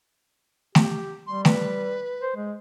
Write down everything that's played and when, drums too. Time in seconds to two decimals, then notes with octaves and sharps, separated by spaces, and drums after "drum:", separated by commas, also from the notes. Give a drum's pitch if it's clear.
0.75 G4, drum: snare A3
1.27 G3 C6
1.45 B4, drum: snare A3
2.21 C5
2.36 G#3